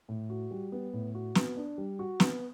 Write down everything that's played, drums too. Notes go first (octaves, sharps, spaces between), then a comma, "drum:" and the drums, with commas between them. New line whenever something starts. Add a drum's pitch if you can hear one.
A2
F#4
G3
B3
A2
F#4
B3, drum: snare
D4
G3
F#4
B3, drum: snare